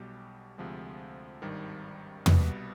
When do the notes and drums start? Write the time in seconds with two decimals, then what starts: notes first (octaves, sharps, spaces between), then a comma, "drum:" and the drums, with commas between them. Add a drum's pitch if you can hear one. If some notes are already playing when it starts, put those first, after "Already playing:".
Already playing: B1 B2 G3 G4
0.58 D2 C3 F3 G#3
1.42 G#1 G2 D#3 G3
2.26 C2 B2 G3 B4, drum: tom